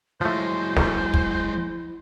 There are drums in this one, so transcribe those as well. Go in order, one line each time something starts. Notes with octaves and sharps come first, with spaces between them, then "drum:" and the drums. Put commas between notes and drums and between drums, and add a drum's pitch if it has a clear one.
F3 F#3 G#3 A3 E4 C5
drum: snare
drum: kick